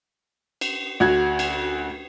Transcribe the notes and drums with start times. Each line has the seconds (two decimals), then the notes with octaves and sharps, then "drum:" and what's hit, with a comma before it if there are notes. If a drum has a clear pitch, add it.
0.61 drum: cymbal
1.00 D2 F#4 G#6
1.39 drum: cymbal